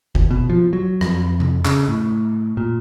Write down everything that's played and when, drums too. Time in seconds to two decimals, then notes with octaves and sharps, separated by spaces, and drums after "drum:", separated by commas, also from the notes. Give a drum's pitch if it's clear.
0.15 D#2, drum: kick F#1
0.31 B2
0.50 F3
0.73 F#3
1.01 F2, drum: rim click
1.40 drum: tom C3
1.65 C#3, drum: clap
1.89 A2
2.57 A#2